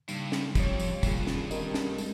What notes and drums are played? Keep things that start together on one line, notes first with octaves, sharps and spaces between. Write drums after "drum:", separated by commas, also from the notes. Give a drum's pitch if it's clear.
G2 C#3 G3 A#3 D#4, drum: tambourine
drum: snare
F2 G3 C4 G4 C#5, drum: kick, tambourine
drum: tambourine
G2 C3 D#3 A#3 F4 G#4, drum: kick, tambourine
drum: snare
G3 C4 G4 A#4 D#5, drum: tambourine
drum: snare
G#3, drum: tambourine